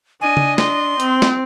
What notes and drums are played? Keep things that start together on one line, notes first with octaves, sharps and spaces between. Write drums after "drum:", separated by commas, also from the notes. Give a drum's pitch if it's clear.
D4 D#5 G#5
drum: tom C#3
C6, drum: snare
C4, drum: hi-hat
drum: snare